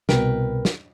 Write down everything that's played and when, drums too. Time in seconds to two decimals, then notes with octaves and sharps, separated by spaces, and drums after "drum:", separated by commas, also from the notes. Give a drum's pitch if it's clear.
0.09 C2 B2 A#4 B4 G5, drum: snare
0.65 drum: snare